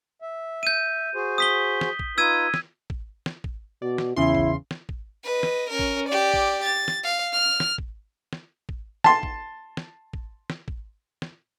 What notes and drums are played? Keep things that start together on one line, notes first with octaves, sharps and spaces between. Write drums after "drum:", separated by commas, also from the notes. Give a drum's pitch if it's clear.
E5
G6 D#7
F#4 G#4 C5
D#6 B6 G7
drum: snare
drum: kick A1
D#4 F4 B4 E6 G#6 D#7
drum: snare
drum: kick A1
drum: snare
drum: kick A1
B2 D5
drum: snare
E2 C#3 E4 C6
drum: kick A1
drum: snare
drum: kick A1
B4 D#5
drum: snare
C#4 A#4
drum: kick A1
G4 D5
drum: kick A1
A6
drum: snare
F5
F6
drum: snare
drum: kick A1
drum: snare
drum: kick A1
A5 C6, drum: snare
drum: kick A1
drum: snare
drum: kick A1
drum: snare
drum: kick A1
drum: snare